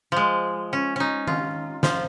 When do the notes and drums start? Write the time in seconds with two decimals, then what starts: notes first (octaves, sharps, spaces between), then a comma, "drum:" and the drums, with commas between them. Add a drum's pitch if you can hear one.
0.12 F3 G#3
0.73 C#4
0.96 C#4 D#4
1.27 F4, drum: tom D#3
1.83 F3, drum: snare